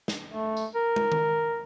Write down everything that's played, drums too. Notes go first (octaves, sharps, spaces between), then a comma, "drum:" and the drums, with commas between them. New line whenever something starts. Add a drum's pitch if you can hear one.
drum: snare
A3
drum: tambourine
A#4
drum: tom
drum: tom D#3